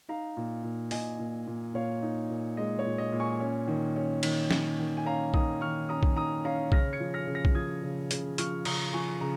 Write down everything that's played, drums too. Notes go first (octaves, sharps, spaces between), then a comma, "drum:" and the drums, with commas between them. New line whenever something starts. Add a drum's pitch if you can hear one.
D#4 F5 A#5
A#2
A#2
A#2 D#5 G#5, drum: open hi-hat
A#2
A#2
A#2 C#5 F5
D#4
A#2
G#3 D#5
C#5
A#2
D#5
A#2
G#5 C#6
C#4
D#3
C#4
D#3, drum: cymbal
C#4, drum: snare
D#3
G#5
C#4 F5 A#5
D#3 A#5 D#6, drum: kick B1
D#3 C#6 F6
C#4 A#5 D#6
drum: kick B1
D#3 A#5 D#6
C#4 F5 A#5
C#3 F6 A#6, drum: kick B1
G#6 C#7
F3
F6 A#6
C#3
F6 A#6
drum: kick B1
F3 D#6 G#6
C#3
C#3, drum: hi-hat
F3 C#6 F6, drum: hi-hat
C#3 A#5 D#6, drum: cymbal
F3 G#5 C#6
C#3 A#5